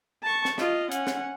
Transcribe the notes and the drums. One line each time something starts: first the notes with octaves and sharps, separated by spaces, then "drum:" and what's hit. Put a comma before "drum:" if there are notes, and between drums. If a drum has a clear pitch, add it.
A5 C#6
drum: snare
F4 D#5, drum: snare
C#4 F#5, drum: hi-hat
drum: snare